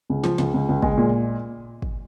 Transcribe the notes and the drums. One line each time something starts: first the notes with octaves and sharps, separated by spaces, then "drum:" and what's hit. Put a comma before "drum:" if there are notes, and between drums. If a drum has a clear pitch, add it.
C#2
F3, drum: snare
C#2, drum: snare
C#2
C#2
G#3, drum: kick
A#2
drum: kick